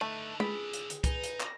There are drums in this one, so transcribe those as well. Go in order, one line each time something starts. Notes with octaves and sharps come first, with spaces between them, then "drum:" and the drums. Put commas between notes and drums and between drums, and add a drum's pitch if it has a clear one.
D3 A3 D#4 A4 B4
F2 G#4 B5, drum: tom G#3
drum: hi-hat
drum: hi-hat
D#4 B4 G#5, drum: kick C2, hi-hat
drum: hi-hat
drum: clap